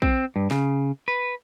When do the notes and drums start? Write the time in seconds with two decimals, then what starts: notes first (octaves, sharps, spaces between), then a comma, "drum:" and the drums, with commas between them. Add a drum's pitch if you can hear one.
0.02 C4, drum: kick A#1
0.36 G2
0.51 C#3, drum: snare
1.08 B4